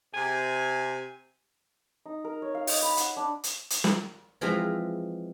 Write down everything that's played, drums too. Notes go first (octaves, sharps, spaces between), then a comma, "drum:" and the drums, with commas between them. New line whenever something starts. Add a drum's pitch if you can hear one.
C3 G#5
D#4
A#4
C#5
F5
D#5, drum: open hi-hat
B5
F#5, drum: hi-hat
D4
drum: hi-hat
drum: hi-hat
drum: snare
E3 F3 G#3 C4 E5 A#5